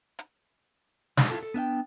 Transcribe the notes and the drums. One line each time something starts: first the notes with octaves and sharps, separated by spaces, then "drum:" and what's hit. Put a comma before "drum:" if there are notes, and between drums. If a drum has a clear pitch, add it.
drum: hi-hat
F#3 G#3 D4 D#4, drum: snare
E4 F4 A4
A4
B3 D4 E5 G5